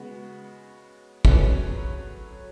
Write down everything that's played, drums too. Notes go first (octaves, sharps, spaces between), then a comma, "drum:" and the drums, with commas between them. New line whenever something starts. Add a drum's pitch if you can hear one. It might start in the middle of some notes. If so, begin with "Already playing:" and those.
Already playing: C#3 G#3 B3 F#4
F#3 A3 C#4 G#4 B4, drum: kick